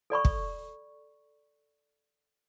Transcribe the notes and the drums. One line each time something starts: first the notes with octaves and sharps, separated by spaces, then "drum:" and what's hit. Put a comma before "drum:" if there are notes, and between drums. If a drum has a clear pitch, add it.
A4 D5 B5 C#6
drum: kick